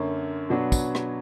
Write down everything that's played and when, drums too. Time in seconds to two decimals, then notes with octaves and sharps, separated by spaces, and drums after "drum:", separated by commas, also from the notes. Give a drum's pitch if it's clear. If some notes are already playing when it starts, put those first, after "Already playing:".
Already playing: F#2 D3 A#3 C#5
0.49 B2 F#3 B3 D4
0.72 drum: kick, tambourine
0.95 drum: rim click